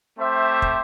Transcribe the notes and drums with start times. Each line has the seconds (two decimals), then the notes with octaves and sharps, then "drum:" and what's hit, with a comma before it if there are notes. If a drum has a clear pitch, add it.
0.18 A3 C4 G4 C5 E5
0.62 drum: kick